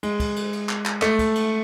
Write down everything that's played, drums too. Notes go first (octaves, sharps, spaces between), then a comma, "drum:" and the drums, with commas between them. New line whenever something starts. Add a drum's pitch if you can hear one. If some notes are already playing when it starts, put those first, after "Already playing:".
G#3, drum: cymbal
drum: kick, cymbal
drum: cymbal
drum: cymbal
drum: clap
drum: clap
A3, drum: clap
drum: kick, cymbal
drum: cymbal